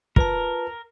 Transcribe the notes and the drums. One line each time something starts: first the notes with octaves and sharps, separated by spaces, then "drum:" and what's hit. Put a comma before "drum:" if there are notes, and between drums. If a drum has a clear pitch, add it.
F4 A#4 B4 A5, drum: kick